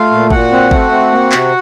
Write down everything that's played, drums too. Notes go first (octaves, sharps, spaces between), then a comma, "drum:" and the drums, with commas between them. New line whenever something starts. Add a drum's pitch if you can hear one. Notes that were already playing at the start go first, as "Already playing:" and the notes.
Already playing: A3 F4 F5
A#2
A#2 F#4 F#5, drum: kick
C4
A3, drum: kick
C4
A#3
C3, drum: clap